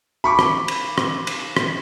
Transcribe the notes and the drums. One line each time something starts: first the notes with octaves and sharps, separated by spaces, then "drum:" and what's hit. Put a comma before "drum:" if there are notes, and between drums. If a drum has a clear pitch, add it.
B5 C#6 D6
drum: rim click
drum: cymbal
drum: rim click
drum: cymbal
drum: rim click